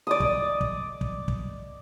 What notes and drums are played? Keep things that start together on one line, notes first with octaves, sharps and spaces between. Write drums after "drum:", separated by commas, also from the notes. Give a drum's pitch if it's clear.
D5 D#5 D#6
drum: kick
drum: kick
drum: kick
drum: kick